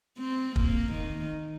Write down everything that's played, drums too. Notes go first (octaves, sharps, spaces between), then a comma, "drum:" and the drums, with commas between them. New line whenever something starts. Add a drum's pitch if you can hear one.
C4
A#3, drum: kick
D#3